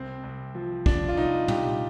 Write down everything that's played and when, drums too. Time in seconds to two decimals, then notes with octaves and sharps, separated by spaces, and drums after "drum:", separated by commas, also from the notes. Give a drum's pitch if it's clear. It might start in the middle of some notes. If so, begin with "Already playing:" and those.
Already playing: C2 C4
0.23 C2
0.55 F3
0.86 F3 D4, drum: kick
1.08 F4
1.17 C2 D#4
1.48 C2 G4, drum: tom